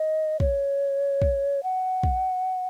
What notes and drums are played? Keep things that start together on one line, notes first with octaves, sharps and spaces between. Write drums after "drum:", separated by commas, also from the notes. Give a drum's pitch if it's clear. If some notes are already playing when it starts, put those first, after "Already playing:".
Already playing: D#5
C#5, drum: kick
drum: kick
F#5
drum: kick